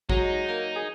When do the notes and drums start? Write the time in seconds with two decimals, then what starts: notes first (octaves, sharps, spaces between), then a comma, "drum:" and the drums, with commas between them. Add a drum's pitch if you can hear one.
0.09 F#3 G#3 D#4, drum: kick A1
0.49 A#3 A#4
0.76 G#4